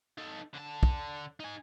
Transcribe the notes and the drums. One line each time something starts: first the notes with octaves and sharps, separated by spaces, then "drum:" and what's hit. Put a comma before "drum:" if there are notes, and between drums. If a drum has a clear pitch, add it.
D#4 A4
D3 A5
drum: kick
D#4 G#5